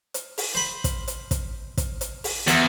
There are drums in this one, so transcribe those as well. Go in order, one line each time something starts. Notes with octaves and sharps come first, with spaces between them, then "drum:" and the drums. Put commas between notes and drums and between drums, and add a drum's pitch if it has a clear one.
drum: hi-hat
drum: open hi-hat
C5 B5
drum: kick, hi-hat
drum: hi-hat
drum: kick, hi-hat
drum: kick, hi-hat
drum: hi-hat
drum: open hi-hat
E2 F#4 C5 E5, drum: hi-hat